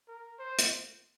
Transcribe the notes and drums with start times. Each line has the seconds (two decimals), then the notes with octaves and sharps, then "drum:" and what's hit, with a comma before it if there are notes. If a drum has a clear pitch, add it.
0.08 A#4
0.39 C5
0.59 drum: hi-hat